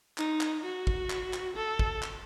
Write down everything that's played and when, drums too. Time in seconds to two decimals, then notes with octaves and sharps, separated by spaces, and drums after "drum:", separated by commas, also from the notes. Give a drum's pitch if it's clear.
0.18 D#4, drum: clap
0.41 drum: clap
0.64 F#4
0.87 drum: kick
1.10 drum: clap
1.33 drum: clap
1.56 A4
1.79 drum: kick
2.03 drum: clap